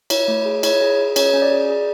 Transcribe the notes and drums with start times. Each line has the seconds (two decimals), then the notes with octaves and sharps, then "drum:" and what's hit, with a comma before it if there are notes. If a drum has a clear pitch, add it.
0.10 E4 C#5, drum: cymbal
0.28 A3
0.45 G#4
0.63 E4 C#5, drum: cymbal
0.81 G#4
0.99 G#4
1.16 C#4 C#5, drum: cymbal
1.33 C#4
1.42 D5
1.51 G#4
1.69 G#4